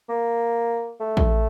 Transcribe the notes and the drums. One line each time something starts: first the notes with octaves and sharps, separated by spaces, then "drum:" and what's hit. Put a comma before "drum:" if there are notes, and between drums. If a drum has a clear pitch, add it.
A#3
A3
drum: kick